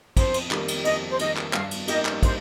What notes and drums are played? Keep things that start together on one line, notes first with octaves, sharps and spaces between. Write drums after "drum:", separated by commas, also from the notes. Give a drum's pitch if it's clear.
F2 C5, drum: kick, cymbal
drum: cymbal
D#3 G3 A#3, drum: clap
drum: cymbal
F2 D#5, drum: cymbal
C5
D#3 G3 A#3 D#5, drum: cymbal
drum: clap
G2 F5, drum: clap
drum: cymbal
G3 A#3 D#4 G4 D#5, drum: cymbal
drum: clap
C5, drum: kick, cymbal